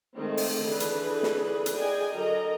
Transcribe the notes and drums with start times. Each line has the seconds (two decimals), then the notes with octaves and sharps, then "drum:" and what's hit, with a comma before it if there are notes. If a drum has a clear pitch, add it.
0.16 D#3 G#3 A3 C4
0.37 drum: open hi-hat
0.63 D3 E3 G#4 B4
0.80 drum: hi-hat
1.23 drum: snare
1.66 drum: hi-hat
1.75 G#4 D5 D#5 G5 G#5
2.15 D3 F#3 A#4 D#5 A#5